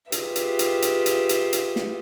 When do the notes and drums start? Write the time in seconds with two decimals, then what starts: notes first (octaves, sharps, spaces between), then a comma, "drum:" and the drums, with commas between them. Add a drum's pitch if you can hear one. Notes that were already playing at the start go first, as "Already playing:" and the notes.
0.12 F4 G4 G#4 B4 E5, drum: hi-hat
0.36 drum: hi-hat
0.59 drum: hi-hat
0.82 drum: hi-hat
1.06 drum: hi-hat
1.29 drum: hi-hat
1.53 drum: hi-hat
1.76 drum: snare